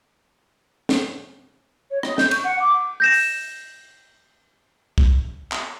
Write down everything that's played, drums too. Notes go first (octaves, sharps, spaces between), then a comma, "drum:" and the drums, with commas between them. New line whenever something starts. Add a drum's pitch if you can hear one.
drum: snare
C#5
D#5, drum: rim click
G6, drum: snare
C#6, drum: cymbal
F#5
D6
G6 A#6 E7
drum: open hi-hat
drum: kick C2
drum: clap